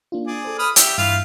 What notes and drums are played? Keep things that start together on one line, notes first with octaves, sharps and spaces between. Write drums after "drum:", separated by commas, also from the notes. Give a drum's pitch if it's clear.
A#3 D4 F4
G#4 D5
A4 C5
B4 D#6 F6
G4 E5 G6, drum: hi-hat
G2 E3 F4 F5